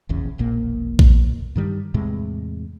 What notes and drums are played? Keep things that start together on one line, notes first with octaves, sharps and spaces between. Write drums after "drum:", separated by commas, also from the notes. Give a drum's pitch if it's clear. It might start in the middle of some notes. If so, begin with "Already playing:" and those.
F1 A#1 E2 C#3
E1 A#1 A#2 A#3
drum: kick A#1
G2 D#3 G3
E2 A2 C3 G#3